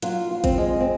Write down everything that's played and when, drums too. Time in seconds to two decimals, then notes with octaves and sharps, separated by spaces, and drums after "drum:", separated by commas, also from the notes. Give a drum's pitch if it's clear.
0.02 F#3 F4, drum: hi-hat
0.31 F4
0.44 C4, drum: kick, hi-hat
0.58 G#3
0.80 C4